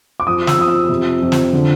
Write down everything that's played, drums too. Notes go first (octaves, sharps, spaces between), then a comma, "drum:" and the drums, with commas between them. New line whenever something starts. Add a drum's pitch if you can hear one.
D6
F2 D#6
E6, drum: snare
F2 D#6
E6
C3
F2
drum: snare
D3